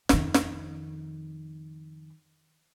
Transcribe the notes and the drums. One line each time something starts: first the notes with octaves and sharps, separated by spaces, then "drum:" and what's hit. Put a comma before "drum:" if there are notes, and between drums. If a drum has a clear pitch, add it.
F2 D#3, drum: snare
drum: snare